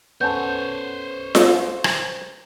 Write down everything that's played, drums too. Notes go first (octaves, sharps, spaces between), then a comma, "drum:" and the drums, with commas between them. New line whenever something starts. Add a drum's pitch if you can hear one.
B3 C#4 A4 C5 C#5 G6
drum: snare F4
drum: rim click